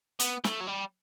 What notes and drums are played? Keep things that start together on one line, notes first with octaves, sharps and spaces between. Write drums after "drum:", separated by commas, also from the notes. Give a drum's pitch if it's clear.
B3, drum: hi-hat
A3, drum: snare
F#3
G3